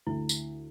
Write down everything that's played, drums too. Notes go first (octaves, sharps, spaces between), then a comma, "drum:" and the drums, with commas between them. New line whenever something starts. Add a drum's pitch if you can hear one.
D2 E4
drum: tambourine